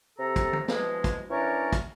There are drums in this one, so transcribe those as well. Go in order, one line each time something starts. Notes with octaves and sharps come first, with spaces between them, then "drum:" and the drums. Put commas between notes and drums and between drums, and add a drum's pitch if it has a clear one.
C3 A4 A#5
drum: kick, hi-hat
drum: tom
B2 E3 F3 G#3, drum: snare
drum: kick, hi-hat
E3 C#4 D4 A#4 C#5 D5
drum: kick, hi-hat